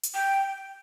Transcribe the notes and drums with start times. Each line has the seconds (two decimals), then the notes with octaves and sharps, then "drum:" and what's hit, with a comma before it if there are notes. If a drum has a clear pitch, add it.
0.03 drum: hi-hat
0.14 G5